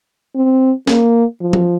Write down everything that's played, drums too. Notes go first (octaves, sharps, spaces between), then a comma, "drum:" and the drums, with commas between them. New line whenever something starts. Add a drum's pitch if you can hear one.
C4
A#3, drum: snare C#4
F3
drum: tom F3